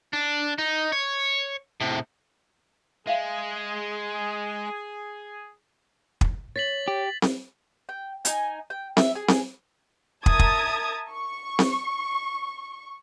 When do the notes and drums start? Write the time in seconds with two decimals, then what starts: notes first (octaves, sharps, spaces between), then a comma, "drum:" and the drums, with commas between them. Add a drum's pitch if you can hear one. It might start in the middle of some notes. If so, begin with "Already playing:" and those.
0.13 D4
0.58 D#4
0.92 C#5
1.81 A2 C3
3.07 G#3 G#4 E5 F5 G#5
6.21 drum: kick
6.56 C#5 A6 B6 F#7
6.88 G4
7.22 drum: snare C4
7.89 G5
8.25 D#4 G#5, drum: hi-hat
8.70 G5
8.97 E5, drum: snare C4
9.15 G#4
9.28 drum: snare C4
10.26 A#4 E5 A5 D#6 G#6 A6, drum: kick
10.39 drum: kick
11.12 C#6
11.59 drum: snare C4